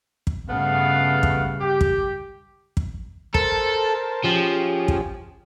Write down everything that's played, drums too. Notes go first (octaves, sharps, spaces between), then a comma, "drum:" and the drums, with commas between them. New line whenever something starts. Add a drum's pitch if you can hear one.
drum: kick
G2 C#3 A3 B3 F5
drum: kick
G4
drum: kick
drum: kick
A4 A#4 C5 A5, drum: kick
F3 C#4 G4 G#4
drum: kick